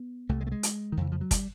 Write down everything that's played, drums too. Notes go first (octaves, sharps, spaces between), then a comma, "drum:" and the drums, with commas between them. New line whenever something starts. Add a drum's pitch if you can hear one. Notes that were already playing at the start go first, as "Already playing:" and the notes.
Already playing: B3
C2 C3 A3
G#3
A3
G#3
drum: hi-hat
D#3
F2 C#3 E3
F3
F#3
G3, drum: kick, hi-hat